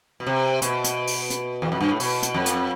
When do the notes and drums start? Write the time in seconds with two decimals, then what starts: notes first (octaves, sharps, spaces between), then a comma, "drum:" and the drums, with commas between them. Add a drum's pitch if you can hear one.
0.20 B2
0.27 C3
0.62 B2, drum: hi-hat
0.84 drum: hi-hat
1.07 drum: open hi-hat
1.30 drum: hi-hat
1.62 E2
1.72 F2
1.81 G2
1.91 A2
2.00 B2, drum: open hi-hat
2.23 drum: hi-hat
2.34 F2
2.46 drum: hi-hat